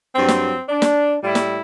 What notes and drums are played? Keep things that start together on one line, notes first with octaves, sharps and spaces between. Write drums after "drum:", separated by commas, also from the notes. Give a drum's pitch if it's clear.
G2 F#3 C4
drum: snare
D4
drum: snare
A2 G3 E4
drum: snare